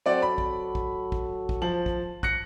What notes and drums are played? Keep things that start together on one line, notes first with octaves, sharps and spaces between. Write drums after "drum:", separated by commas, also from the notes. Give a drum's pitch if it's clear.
F#3 C4 F#4 A4 D5 F#5
B5
drum: kick
drum: kick
drum: kick
drum: kick
F3 A5 F#7
drum: kick
F#6 A#6 C#7, drum: kick